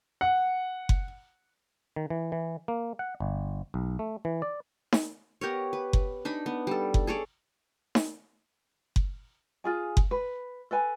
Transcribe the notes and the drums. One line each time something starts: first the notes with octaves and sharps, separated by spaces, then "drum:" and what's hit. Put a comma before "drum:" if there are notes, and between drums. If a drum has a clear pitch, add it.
F#5
drum: kick F#1
D#3
E3
E3
A#3
F#5
G1
B1
A3
E3
D5
drum: snare D#4
B3 G4 A#4 C#5
B4
drum: kick F#1
D4 D#4 B5
B3
G3 A4
drum: kick F#1
G#4 A4 C#5 D5
drum: snare D#4
drum: kick F#1
F4 G#4 G#5
drum: kick F#1
B4
A4 B4 G#5